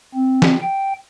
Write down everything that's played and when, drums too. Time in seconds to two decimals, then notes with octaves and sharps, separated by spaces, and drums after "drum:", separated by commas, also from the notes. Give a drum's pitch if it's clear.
0.15 C4
0.42 drum: snare
0.62 G5